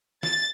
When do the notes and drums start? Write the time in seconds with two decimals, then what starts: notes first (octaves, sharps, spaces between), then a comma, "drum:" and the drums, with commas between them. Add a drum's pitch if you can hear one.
0.23 A6, drum: snare